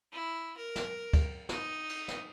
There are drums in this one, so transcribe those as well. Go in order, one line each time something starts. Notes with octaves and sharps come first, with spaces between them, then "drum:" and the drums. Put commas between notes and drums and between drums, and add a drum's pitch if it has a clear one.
E4
A#4
drum: snare
drum: kick, cymbal
D#4, drum: snare
drum: cymbal
drum: snare